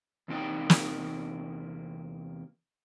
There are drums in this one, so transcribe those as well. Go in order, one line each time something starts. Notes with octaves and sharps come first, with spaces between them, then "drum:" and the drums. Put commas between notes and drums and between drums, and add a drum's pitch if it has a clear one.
E2 C3 A#3 D#4 G5
drum: snare